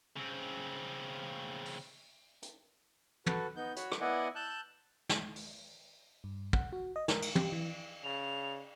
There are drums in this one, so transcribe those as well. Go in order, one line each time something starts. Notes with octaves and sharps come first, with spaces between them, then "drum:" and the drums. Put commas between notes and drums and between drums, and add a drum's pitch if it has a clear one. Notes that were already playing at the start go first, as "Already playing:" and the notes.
C#3 C4
drum: open hi-hat
drum: hi-hat
F#4 A4 B4, drum: tom
B3 D#4 G6
F#4 C#5 B5, drum: hi-hat
drum: rim click
B3 E4 D5 D#5 F#5 G#5
A5 E6 F#6 G6
drum: snare
drum: open hi-hat
G2
F#5, drum: kick
F#4
D#5
A#4, drum: snare
drum: cymbal
G4, drum: tom
E3
C#3 F7